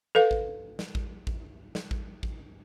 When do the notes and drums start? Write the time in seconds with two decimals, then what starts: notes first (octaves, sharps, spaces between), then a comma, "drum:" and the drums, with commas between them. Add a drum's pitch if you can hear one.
0.15 A4 B4 F5
0.31 drum: kick A1
0.79 drum: snare
0.95 drum: kick A1
1.27 drum: kick A1
1.75 drum: snare
1.91 drum: kick A1
2.23 drum: kick A1